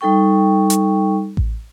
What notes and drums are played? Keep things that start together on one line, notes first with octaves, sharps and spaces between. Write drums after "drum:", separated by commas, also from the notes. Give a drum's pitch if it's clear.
G3 D#4 A4 G5 C#6
drum: hi-hat
drum: kick A1